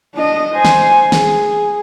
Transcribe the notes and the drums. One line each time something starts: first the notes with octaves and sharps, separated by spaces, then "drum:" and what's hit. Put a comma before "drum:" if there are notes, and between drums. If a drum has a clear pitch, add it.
D4 D#5
C5 G#5
drum: snare
G#4, drum: snare